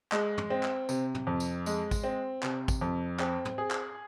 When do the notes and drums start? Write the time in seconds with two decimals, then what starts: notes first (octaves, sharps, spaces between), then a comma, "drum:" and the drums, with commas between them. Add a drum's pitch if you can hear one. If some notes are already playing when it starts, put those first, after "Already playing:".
0.12 G#3, drum: clap
0.38 drum: tom
0.50 C4
0.63 drum: clap
0.89 C3, drum: tambourine
1.14 drum: tom
1.27 F2
1.40 drum: tambourine
1.66 G#3, drum: tambourine
1.91 drum: kick, tambourine
2.04 C4
2.43 C3, drum: clap
2.68 drum: kick, tambourine
2.81 F2
3.20 C4, drum: clap
3.45 drum: tom
3.58 G#4
3.71 drum: clap